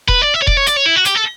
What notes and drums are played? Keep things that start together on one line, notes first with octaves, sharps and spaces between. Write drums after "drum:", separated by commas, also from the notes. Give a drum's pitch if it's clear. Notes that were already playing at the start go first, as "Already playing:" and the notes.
B4, drum: kick E1
D5
E5
C#5
D5, drum: kick E1
C#5
D5, drum: hi-hat
C#5
E4
F#4
G4, drum: hi-hat
A4